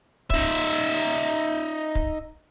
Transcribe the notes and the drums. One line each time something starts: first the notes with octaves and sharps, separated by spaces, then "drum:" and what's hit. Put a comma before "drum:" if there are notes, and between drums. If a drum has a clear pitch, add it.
D#4 E5, drum: kick
drum: kick